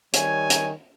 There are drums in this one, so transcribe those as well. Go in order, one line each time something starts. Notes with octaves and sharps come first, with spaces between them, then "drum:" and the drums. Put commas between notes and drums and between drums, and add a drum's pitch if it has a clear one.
D#3 G3 C#5 G#5, drum: hi-hat
drum: hi-hat